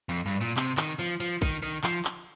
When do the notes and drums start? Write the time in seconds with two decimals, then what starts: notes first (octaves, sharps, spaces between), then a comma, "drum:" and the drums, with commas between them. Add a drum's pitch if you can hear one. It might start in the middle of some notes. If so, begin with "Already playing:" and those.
0.09 F2
0.26 G2
0.41 A#2
0.57 C3, drum: clap
0.77 D#3, drum: clap
0.99 F3
1.20 F3, drum: hi-hat
1.42 D#3, drum: kick
1.63 D#3
1.84 F3, drum: clap
2.05 drum: clap